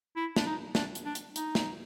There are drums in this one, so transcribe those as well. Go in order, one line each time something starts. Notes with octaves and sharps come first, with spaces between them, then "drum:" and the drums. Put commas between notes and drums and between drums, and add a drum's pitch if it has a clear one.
E4
D4, drum: snare
D#4
D4, drum: snare
drum: hi-hat
D4
drum: hi-hat
D#4, drum: hi-hat
drum: snare